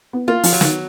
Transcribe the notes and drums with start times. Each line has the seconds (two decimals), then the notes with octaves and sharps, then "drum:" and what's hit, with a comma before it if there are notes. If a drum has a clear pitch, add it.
0.13 B3
0.28 A#3 F4
0.43 F3, drum: open hi-hat
0.53 F#3
0.61 D#3, drum: snare